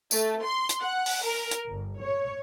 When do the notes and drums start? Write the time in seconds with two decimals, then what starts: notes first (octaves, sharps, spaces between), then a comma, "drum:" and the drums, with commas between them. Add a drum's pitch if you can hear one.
0.11 A3, drum: tambourine
0.44 C6
0.69 drum: hi-hat
0.81 F#5
1.06 drum: open hi-hat
1.24 A#4
1.51 drum: hi-hat
1.69 G1
2.01 C#5